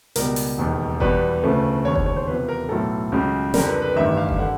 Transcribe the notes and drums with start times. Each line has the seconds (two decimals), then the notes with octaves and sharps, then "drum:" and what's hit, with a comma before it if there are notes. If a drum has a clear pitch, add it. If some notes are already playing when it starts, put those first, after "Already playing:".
0.16 C#2 B2 G3 A#4, drum: hi-hat
0.36 drum: open hi-hat
0.58 E1 D#2 D#3
1.00 E2 B2 G3 B4, drum: kick F#1
1.43 D2 C#3 F3 A3
1.84 E1 D#2 D3 C#5
1.95 C#5, drum: kick F#1
2.06 C#5
2.16 C5
2.27 E2 C3 F3 B4
2.49 A#4
2.69 B1 A2 F#3 A4
3.12 C#2 C#3 F#3
3.54 F2 D3 G3 A#4, drum: snare
3.68 B4
3.82 B4
3.96 A1 G2 D#3 E5
4.17 F5
4.29 drum: kick F#1
4.38 D3 G3 F#5